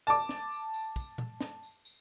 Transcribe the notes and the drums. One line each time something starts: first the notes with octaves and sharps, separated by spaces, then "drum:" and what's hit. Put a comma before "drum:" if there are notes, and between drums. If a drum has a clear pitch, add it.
A5 D6, drum: tambourine
drum: snare
drum: tambourine
drum: tambourine
drum: kick, tambourine
drum: tom A#2
drum: snare
drum: tambourine
drum: tambourine